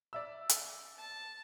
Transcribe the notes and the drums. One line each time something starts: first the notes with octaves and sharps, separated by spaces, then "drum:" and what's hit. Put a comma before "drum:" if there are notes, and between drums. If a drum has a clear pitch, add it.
D5 E5 E6
drum: hi-hat
A5